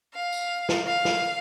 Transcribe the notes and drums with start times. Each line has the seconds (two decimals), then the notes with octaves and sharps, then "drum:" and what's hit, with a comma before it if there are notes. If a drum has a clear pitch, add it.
0.14 F5
0.32 drum: tambourine
0.69 drum: snare
0.87 F5
1.05 drum: snare